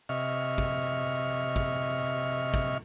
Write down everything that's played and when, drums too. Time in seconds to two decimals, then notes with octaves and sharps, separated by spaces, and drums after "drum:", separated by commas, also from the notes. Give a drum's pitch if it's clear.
0.09 C3 D#5 E5 C#6 F6
0.58 drum: kick
1.56 drum: kick
2.54 drum: kick